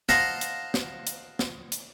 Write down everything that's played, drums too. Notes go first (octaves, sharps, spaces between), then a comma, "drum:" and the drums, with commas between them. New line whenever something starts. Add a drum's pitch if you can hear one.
C5 D#5 F5 F#5 A5 A#5, drum: snare
drum: hi-hat
drum: snare
drum: hi-hat
drum: snare
drum: hi-hat